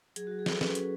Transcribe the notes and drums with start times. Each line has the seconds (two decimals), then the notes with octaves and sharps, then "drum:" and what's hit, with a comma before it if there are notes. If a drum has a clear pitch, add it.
0.16 F#3 G#4, drum: hi-hat
0.27 F#3 F#4
0.39 G#4
0.46 F#3 A4, drum: snare
0.57 A4
0.61 C#4 B4, drum: snare
0.75 F#3, drum: hi-hat